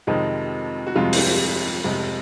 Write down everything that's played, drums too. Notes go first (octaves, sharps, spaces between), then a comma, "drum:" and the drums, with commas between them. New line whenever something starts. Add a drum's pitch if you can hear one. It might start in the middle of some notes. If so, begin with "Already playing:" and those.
F2 C3 D#3 F3 G#3 D#4
F#4
F2 C3 F3 G#3 F4
drum: open hi-hat
F2 C3 F3 G#3